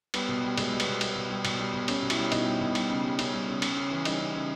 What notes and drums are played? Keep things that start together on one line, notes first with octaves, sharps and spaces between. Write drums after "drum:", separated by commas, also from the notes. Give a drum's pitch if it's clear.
G3 B3, drum: cymbal
B2
G3
B2 G#3, drum: cymbal
G3
B3, drum: cymbal
B2
G3, drum: cymbal
B2
G3
B2, drum: cymbal
G3
B2
G3 C#4, drum: cymbal
B2
E4, drum: cymbal
G3
B2 D#4, drum: cymbal
G3
B2
G3, drum: cymbal
C#3
G3
C#3 C#4, drum: cymbal
G3
C#3
C#3, drum: cymbal
C#3
E3
G3 D#4, drum: cymbal
C#3
C#3